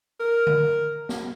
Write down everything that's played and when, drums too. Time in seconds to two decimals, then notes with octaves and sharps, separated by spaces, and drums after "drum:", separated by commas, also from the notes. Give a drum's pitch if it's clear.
0.20 A#4
0.47 drum: tom D3
1.09 drum: snare